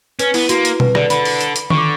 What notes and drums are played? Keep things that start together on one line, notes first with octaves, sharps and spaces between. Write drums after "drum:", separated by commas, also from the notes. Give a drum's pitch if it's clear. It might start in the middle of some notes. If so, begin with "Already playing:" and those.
C#4 B4, drum: hi-hat
B3 E4, drum: open hi-hat
A#3 F#4, drum: hi-hat
drum: hi-hat
B4, drum: tom B2
D3 D5, drum: rim click
D3 B5, drum: hi-hat
drum: open hi-hat
drum: hi-hat
drum: hi-hat
D3 C#6, drum: tom D#3
D6